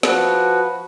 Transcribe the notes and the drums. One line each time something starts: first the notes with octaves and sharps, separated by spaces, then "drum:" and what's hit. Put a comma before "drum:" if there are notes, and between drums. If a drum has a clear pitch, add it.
F3 F#4 B4, drum: snare